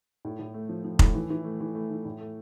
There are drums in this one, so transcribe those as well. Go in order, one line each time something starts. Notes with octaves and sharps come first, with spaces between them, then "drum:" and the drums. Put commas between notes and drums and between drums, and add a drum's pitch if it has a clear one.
A2
A2
A3
F3
F3
A2, drum: kick F1
E3
E3
A3
E3
A3
E3
A2
A3